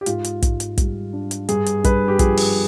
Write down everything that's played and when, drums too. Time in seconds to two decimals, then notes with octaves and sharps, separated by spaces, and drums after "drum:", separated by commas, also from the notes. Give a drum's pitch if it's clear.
0.01 G4
0.06 G#2 F4, drum: hi-hat
0.24 drum: hi-hat
0.42 G#2, drum: kick, hi-hat
0.60 drum: hi-hat
0.78 G3, drum: kick, hi-hat
1.13 D4
1.31 drum: hi-hat
1.49 G2 G#4, drum: hi-hat
1.66 drum: hi-hat
1.84 G2 B4, drum: kick, hi-hat
2.08 G4
2.19 F3 G#4, drum: kick, hi-hat
2.37 drum: open hi-hat